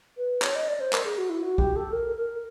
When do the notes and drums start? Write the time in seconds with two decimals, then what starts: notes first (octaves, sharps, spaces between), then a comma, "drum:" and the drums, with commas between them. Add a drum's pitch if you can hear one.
0.17 B4
0.42 C#5, drum: clap
0.55 D#5
0.68 D5
0.80 C5
0.93 A#4, drum: clap
1.05 G#4
1.18 F#4
1.30 E4
1.43 F#4
1.58 G4, drum: kick
1.76 A4
1.93 A#4
2.17 A#4